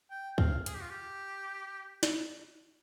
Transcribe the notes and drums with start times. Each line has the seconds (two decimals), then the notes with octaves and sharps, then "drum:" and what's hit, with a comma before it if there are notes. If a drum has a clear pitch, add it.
0.11 G5
0.38 F5, drum: kick
0.66 G#4, drum: hi-hat
0.74 G4
0.82 F4
0.90 G4
2.03 drum: snare